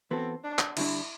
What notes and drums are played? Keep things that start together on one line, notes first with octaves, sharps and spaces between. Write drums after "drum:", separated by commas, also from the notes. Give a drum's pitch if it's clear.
E3 B3 C4 F#4 A4
D4
drum: clap
D3 G3 D4 E4, drum: cymbal